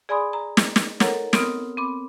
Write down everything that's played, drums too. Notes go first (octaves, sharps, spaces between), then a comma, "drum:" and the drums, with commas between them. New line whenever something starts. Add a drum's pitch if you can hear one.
G#4 D5 G#5 B5 C6 D#6
A#5
drum: snare
drum: snare
A4 A#4 C#5 F#5 A#5, drum: snare
B3 C4 A#4 D#6 F6, drum: snare
C4 B5 D6